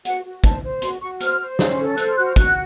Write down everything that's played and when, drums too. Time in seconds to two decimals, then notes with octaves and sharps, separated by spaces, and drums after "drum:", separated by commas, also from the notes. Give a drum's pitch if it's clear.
0.05 F#4 F#5, drum: hi-hat
0.24 F#4
0.44 C5 A5, drum: kick, hi-hat
0.63 C5
0.82 F#4 C6, drum: hi-hat
1.01 F#4 C#6
1.20 C5 F6, drum: hi-hat
1.40 C5
1.59 C#4, drum: snare
1.78 A4
1.97 C5 F#6, drum: hi-hat
2.07 F6
2.17 F#4 F#6
2.27 F6
2.36 F#4 F#6, drum: kick, hi-hat